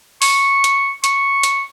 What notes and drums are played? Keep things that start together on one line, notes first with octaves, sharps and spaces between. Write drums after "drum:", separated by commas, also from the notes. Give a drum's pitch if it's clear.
C#6, drum: open hi-hat
drum: hi-hat
C#6, drum: hi-hat
drum: hi-hat